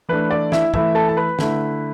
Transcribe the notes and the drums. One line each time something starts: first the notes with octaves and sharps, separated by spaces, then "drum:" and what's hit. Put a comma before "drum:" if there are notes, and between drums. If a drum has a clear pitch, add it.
E3 A3 D4 B4
D5
E4 E5, drum: snare
E3 A3 E4 E5, drum: kick
A4 A5
A5
B4 B5
D3 A3 E4, drum: snare